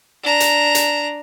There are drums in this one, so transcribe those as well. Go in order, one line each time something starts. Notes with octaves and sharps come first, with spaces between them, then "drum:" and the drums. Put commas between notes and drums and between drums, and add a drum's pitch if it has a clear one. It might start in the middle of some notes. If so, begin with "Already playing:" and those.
D4 A#5
drum: hi-hat
drum: hi-hat